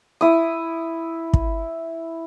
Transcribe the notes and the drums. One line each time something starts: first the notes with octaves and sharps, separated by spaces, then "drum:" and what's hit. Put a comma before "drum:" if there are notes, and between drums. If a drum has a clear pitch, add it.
E4 D#6
drum: kick